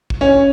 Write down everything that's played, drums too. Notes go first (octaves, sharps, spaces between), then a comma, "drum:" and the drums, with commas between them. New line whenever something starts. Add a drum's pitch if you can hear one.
drum: kick G#1
C#4